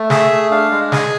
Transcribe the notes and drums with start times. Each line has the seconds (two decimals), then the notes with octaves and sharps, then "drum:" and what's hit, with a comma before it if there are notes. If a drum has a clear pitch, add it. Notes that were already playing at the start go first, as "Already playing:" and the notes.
Already playing: A3
0.10 G#4 E5, drum: snare
0.31 A3
0.51 D4 F5
0.72 G#3
0.92 G#4 G#5, drum: snare